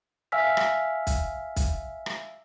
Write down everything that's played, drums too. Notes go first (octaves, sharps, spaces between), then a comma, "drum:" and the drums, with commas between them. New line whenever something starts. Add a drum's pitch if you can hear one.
E5 F5 G#5 E6 F6 B6
drum: rim click
drum: kick, hi-hat
drum: kick, hi-hat
drum: rim click